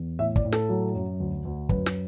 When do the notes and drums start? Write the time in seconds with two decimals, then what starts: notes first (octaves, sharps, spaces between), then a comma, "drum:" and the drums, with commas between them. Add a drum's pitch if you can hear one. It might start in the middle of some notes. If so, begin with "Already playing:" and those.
Already playing: E2
0.19 A2 E5
0.36 D5, drum: kick
0.45 A2
0.52 A4, drum: snare
0.69 F#3
0.94 F#2
1.20 D2
1.45 D2
1.69 F#2 B4, drum: kick
1.86 drum: snare